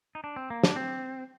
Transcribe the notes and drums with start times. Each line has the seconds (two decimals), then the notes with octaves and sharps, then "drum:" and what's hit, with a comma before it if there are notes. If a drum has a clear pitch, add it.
0.15 D#4
0.24 D4
0.36 C4
0.50 A#3
0.63 D4, drum: snare
0.76 C4